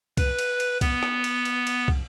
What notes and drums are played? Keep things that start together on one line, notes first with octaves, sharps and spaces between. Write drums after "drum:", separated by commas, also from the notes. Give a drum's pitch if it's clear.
B4, drum: kick, cymbal
drum: cymbal
drum: cymbal
B3, drum: kick, cymbal
drum: rim click
drum: cymbal
drum: cymbal
drum: cymbal
drum: kick